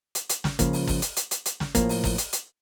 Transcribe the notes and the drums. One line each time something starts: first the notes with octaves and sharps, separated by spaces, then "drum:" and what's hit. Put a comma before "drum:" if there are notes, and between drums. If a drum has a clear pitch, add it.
drum: hi-hat
drum: hi-hat
drum: snare
C#2 C#3 F3 A#3, drum: kick, hi-hat
drum: open hi-hat
drum: kick, open hi-hat
drum: hi-hat
drum: hi-hat
drum: hi-hat
drum: hi-hat
drum: snare
A2 F3 A#3, drum: kick, hi-hat
drum: open hi-hat
drum: kick, open hi-hat
drum: hi-hat
drum: hi-hat